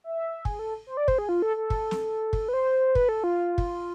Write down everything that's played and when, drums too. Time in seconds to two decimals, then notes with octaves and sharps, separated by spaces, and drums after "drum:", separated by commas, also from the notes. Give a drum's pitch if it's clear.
0.04 E5
0.45 G#4, drum: kick
0.59 A4
0.87 C5
0.97 D5
1.08 C5, drum: kick
1.18 G#4
1.29 F4
1.42 A4
1.57 A4
1.70 drum: kick
1.91 drum: snare
2.33 drum: kick
2.48 B4
2.53 C5
2.95 B4, drum: kick
3.09 A4
3.24 F4
3.58 drum: kick